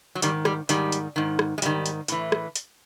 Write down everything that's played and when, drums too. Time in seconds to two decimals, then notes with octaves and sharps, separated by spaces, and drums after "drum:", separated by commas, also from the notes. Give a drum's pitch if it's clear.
0.15 F#3
0.22 G#2 D#3 G3, drum: hi-hat
0.45 G3, drum: rim click
0.69 G#2 D#3 G3, drum: hi-hat
0.92 drum: hi-hat
1.16 G#2 D#3
1.39 drum: rim click
1.58 G#3
1.62 G#2 D#3 G3, drum: hi-hat
1.86 drum: hi-hat
2.08 A2 E3, drum: hi-hat
2.32 drum: rim click
2.56 drum: hi-hat